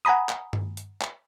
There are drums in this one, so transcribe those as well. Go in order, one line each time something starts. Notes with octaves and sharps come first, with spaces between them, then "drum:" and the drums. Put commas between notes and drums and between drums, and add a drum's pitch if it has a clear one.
F#5 G#5 A#5 B5 D#6
drum: clap
drum: tom G2
drum: hi-hat
drum: clap